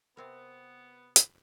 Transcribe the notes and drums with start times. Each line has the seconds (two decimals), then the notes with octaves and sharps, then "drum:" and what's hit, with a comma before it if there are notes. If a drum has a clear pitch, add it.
0.17 C3 B3 C4 A#4
1.16 drum: hi-hat